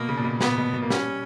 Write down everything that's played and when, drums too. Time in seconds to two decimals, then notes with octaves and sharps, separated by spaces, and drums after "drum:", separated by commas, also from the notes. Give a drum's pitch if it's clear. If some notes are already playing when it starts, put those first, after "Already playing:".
Already playing: B2 A#3
0.09 C#3
0.17 A#2
0.24 B2
0.41 A#2 B3, drum: snare
0.58 B2
0.74 B2
0.82 A#3
0.90 G3 C#4, drum: snare